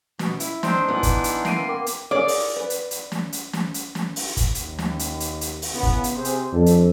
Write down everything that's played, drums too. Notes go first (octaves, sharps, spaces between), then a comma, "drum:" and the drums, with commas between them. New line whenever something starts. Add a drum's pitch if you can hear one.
B2, drum: snare
E4, drum: hi-hat
C4 D4 D#4 C6, drum: snare
E3 B3
drum: kick, hi-hat
drum: hi-hat
A#3 C6 C7 D7 D#7, drum: snare
A#4 G5 D6
drum: hi-hat
G#4 A#4 C#5 D5
drum: open hi-hat
B4
drum: hi-hat
drum: hi-hat
drum: snare
drum: hi-hat
drum: snare
drum: hi-hat
drum: snare
drum: open hi-hat
drum: kick, hi-hat
D#2, drum: hi-hat
drum: snare
drum: hi-hat
drum: hi-hat
drum: hi-hat
drum: open hi-hat
C#3 E3 B3
drum: kick
drum: hi-hat
C3 G#4 C5
drum: hi-hat
F2 C4 D4 A4
drum: hi-hat